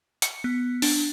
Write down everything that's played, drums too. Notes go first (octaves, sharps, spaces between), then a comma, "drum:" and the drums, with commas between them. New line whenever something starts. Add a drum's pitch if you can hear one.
C#7, drum: hi-hat
B3
D4, drum: open hi-hat